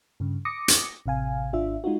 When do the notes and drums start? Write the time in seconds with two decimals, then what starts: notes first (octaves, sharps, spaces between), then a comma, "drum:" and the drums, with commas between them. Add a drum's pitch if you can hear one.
0.20 G2 C#3
0.45 D6 D#6 A#6 C#7
0.68 drum: hi-hat
1.06 A1 C3 F5 G#5
1.53 G#1 D4 F4 E5
1.84 G#3 D#4 F4 F#4